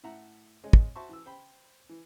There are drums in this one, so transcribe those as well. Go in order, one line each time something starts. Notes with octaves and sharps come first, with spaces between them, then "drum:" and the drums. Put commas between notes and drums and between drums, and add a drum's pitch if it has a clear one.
A2 E5 F#5 A#5
G#3 C#4 D#5
drum: kick
F#4 C5 E5 A5 C6 C#6
E3 E6
C5 G5 B5
E3